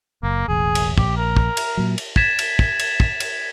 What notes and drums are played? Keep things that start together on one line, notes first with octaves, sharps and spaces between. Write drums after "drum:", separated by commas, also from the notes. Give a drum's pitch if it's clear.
F#1 A#3
E1 A1 G#4
drum: cymbal
A#1 G4, drum: kick
A#4
drum: kick
drum: cymbal
A#2 F#3
drum: cymbal
G#6 A6 B6 E7, drum: kick
drum: cymbal
drum: kick
drum: cymbal
drum: kick
drum: cymbal